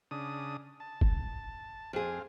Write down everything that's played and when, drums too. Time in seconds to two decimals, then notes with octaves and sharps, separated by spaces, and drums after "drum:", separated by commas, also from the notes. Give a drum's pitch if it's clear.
0.11 C#3 D4 D#6
0.80 A5
1.01 drum: kick
1.93 F2 C4 G#4 F5